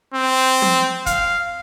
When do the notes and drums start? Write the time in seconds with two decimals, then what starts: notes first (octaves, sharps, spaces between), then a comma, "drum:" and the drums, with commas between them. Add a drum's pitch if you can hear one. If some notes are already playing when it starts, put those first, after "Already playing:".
0.14 C4
0.62 drum: tom
1.06 F5, drum: kick, hi-hat